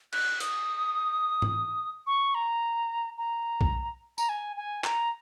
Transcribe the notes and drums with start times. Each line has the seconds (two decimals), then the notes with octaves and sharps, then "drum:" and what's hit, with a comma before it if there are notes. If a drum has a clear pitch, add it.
0.13 F#6, drum: cymbal
0.40 D#6, drum: hi-hat
1.42 drum: tom G#2
2.07 C#6
2.35 A#5
3.18 A#5
3.61 drum: kick B1
4.18 A#5, drum: tambourine
4.29 G#5
4.57 G#5
4.84 A#5, drum: clap